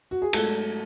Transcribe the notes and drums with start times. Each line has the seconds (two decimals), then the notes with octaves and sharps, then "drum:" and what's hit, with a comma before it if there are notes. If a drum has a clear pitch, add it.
0.11 F#4
0.22 G#4
0.33 G#2 F#3 A3 A4, drum: cymbal